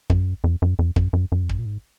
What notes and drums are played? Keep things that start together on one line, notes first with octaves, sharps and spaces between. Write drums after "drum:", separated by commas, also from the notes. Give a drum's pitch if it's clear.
F#2, drum: kick
F2
F#2
F2
F#2, drum: kick
F#2
F#2
F2
F#2, drum: kick
A#2
G#2